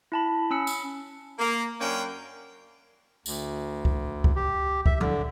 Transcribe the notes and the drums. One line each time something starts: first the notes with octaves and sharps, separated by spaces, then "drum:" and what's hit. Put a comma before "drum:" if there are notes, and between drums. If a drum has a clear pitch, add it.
E4 A5 B5
C#4 B5 E6 C#7
drum: tambourine
A#3
F#2 A#3 C#4 D4 G5
D2, drum: tambourine
drum: kick C#2
drum: kick C#2
G4
E5, drum: kick C#2
D3, drum: tom A2